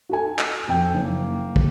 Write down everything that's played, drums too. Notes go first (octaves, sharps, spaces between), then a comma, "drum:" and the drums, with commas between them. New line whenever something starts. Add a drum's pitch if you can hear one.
F#4 A4 G#5
drum: clap
F2 G5
F#1 A#3
drum: kick